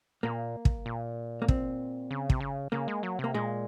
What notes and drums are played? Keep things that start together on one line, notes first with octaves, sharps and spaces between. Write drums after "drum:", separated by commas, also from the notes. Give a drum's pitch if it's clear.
A#2 A#3
drum: kick
A#2
A#3
C4, drum: kick
C#3
C3, drum: kick
C#3
C#3 A#3
G#3
F#3
C3 A#3
A#2 G#3